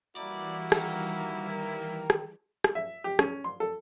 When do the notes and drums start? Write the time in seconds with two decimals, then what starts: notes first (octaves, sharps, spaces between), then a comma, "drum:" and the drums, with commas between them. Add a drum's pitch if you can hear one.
0.16 E3 G3 A#3 E4 F#4 D5
0.72 D#3, drum: rim click
1.49 A#4
2.10 drum: rim click
2.64 drum: rim click
2.75 E5
3.04 G4
3.19 C#4, drum: rim click
3.44 C6
3.60 A4